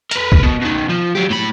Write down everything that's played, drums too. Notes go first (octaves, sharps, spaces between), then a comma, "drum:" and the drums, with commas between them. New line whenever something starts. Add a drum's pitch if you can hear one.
A#4 B4, drum: hi-hat
drum: kick
B2
B2 D#3
F3
F#3 G4
A2 B5